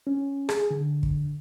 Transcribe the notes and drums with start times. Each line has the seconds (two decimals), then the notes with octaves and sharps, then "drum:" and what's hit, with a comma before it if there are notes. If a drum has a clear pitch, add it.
0.07 C#4
0.49 G#4, drum: rim click
0.71 D3
1.03 drum: kick